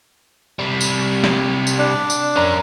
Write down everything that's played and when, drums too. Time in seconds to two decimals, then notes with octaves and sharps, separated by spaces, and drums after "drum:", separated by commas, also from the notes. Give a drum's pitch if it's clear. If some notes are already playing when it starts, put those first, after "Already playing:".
0.59 C3 G3
0.81 drum: tambourine
1.24 drum: snare
1.67 drum: tambourine
1.79 D4
2.10 drum: tambourine
2.36 C#4 A#4